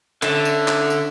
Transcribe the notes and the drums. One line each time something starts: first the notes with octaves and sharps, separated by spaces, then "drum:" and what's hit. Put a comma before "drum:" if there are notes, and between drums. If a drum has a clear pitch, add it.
D3 C#4 A4 E5, drum: clap
drum: tambourine
drum: clap
drum: tambourine